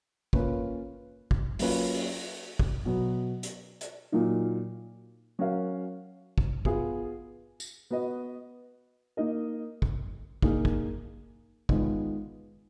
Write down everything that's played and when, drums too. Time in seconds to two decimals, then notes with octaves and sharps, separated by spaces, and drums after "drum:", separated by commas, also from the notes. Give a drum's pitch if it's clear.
0.33 A#3 C#4 F4 B4, drum: kick
1.31 drum: kick
1.59 F#3 A#3 C#4 F4 B4, drum: open hi-hat
1.94 drum: open hi-hat
2.59 drum: kick
2.85 B2 F#3 B3
3.43 drum: hi-hat
3.81 drum: hi-hat
4.12 A#2 F#3 A#3 D#4
5.39 F#3 C#4 F#4 A#4 F5
6.38 drum: kick
6.65 B3 F4 G#4, drum: kick
7.60 drum: tambourine
7.91 B3 F#4 B4 D#5
9.17 A#3 D#4 A#4 D#5
9.82 drum: kick
10.42 A#3 D#4 G#4, drum: kick
10.65 drum: kick
11.69 D#3 G#3 B3 F4, drum: kick